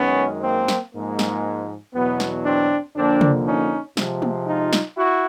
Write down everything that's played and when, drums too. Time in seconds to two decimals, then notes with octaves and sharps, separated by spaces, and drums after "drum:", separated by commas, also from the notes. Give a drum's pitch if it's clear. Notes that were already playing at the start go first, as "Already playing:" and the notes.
Already playing: F#2 D#3 G#3 B3 C#4
0.43 A#3 C4
0.68 drum: snare
0.94 G#2 F3 G#3 A#3
1.19 drum: snare
1.94 E2 B2 F#3 B3
2.20 drum: snare
2.45 C4 D4
2.95 F2 D3 F3 A#3 C4 D4
3.21 drum: tom
3.46 C#4 D#4
3.97 C3 F3 G#3, drum: snare
4.22 drum: tom
4.47 D#4 F4
4.73 drum: snare
4.97 E4 F#4